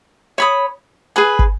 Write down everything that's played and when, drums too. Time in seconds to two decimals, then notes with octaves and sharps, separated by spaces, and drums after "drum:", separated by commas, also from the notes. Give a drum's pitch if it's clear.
0.38 C#5 B5 D#6
1.16 G#4 B4 G#5
1.39 drum: kick